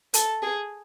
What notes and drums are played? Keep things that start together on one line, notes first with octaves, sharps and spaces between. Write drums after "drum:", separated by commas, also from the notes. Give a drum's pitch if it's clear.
A4, drum: hi-hat
G#4